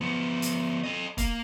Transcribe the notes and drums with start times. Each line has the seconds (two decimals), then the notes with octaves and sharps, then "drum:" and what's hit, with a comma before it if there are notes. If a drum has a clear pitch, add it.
0.01 F3 B3
0.42 drum: hi-hat
0.84 A4 D#5
1.18 A#3, drum: kick, hi-hat